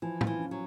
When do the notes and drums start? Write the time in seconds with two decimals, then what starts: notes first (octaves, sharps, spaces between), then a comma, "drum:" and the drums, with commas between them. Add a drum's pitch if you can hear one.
0.02 E3 F3
0.21 F4, drum: tom
0.27 E3
0.39 C#4
0.51 F#3